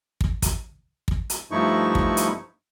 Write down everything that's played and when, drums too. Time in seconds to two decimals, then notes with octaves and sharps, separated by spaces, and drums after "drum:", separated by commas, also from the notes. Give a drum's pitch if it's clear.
0.21 drum: kick
0.42 drum: kick, hi-hat
1.08 drum: kick
1.30 drum: hi-hat
1.51 G2 F3 A3 D#4 E4 C#6
1.95 drum: kick
2.17 drum: hi-hat